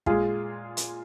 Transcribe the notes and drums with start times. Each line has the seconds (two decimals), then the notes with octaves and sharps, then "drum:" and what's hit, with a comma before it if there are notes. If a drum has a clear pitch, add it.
0.06 A#2 G#3 F4 G#4, drum: kick
0.77 drum: hi-hat